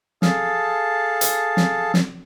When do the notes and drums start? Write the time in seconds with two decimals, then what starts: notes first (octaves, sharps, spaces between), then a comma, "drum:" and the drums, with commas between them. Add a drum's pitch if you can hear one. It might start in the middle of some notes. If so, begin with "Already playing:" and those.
0.22 G#4 A4 F5 A5, drum: snare
1.21 drum: hi-hat
1.57 drum: snare
1.94 drum: snare